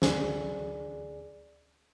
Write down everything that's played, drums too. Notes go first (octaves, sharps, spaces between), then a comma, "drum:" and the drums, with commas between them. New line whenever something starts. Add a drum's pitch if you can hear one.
D2 G#4 D5, drum: snare